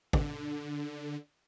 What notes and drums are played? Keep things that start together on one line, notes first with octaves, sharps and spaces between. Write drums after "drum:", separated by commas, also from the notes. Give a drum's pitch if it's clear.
D3, drum: kick